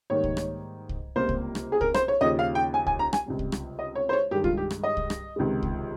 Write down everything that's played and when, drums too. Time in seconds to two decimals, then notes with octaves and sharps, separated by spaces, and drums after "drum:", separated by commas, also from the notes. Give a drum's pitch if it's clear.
0.10 G#2 D#3 G3 A#3 C#5
0.24 drum: kick C2
0.37 drum: rim click
0.89 drum: kick C2
1.15 C#2 C3 G3 A#3 C5
1.29 drum: kick C2
1.55 drum: rim click
1.72 G#4
1.81 A#4, drum: kick C2
1.94 C5, drum: rim click
2.08 C#5
2.21 D#2 C#3 F3 D#5
2.39 F5
2.55 G5
2.74 G#5
2.87 G#5, drum: kick C2
2.99 A#5
3.13 G#5, drum: rim click
3.26 C#2 C3 G3
3.39 drum: kick C2
3.52 drum: rim click
3.79 D#5
3.95 C#5
4.09 C5
4.13 C#5
4.31 G2 D#3 G#3 G4
4.44 F4, drum: kick C2
4.57 G4
4.71 drum: rim click
4.83 D#5
4.97 drum: kick C2
5.10 drum: rim click
5.36 C#2 C3 D#3 G#3
5.63 drum: kick C2